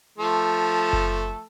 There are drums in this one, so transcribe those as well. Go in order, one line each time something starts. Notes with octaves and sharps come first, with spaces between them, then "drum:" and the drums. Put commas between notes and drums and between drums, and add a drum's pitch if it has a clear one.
F3 A3 A4
drum: kick F#1